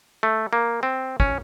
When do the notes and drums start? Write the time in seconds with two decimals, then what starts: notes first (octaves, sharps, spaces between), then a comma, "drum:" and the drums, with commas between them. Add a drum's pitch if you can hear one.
0.23 A3
0.53 A#3
0.83 C4
1.20 C#4, drum: kick